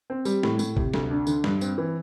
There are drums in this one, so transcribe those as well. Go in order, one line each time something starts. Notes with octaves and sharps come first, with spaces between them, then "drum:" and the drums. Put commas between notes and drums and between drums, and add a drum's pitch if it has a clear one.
C4
G3, drum: tambourine
A2, drum: snare
A2, drum: tambourine
C3, drum: kick G#1
D2, drum: snare
D4
D3, drum: tambourine
G2, drum: snare
C4, drum: tambourine
E3